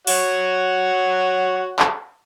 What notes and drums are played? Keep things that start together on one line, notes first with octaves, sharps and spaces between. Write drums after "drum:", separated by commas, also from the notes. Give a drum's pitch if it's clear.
F#4 C#5 F#5, drum: open hi-hat
drum: clap